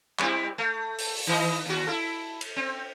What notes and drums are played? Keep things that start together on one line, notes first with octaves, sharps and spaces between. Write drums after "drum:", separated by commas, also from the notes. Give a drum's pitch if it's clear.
G3 C4 E4, drum: clap
A3
drum: open hi-hat
drum: open hi-hat
D#3 E3 D#5
D#2 F#4
E4 A4
drum: cymbal
C4